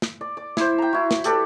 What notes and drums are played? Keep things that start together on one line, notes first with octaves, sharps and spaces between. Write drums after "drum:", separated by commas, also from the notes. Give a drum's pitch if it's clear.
drum: snare
D5
D5
E4 C5, drum: snare
G5 A#5
E4 F#4
drum: snare
G4 A4 B4 D5, drum: hi-hat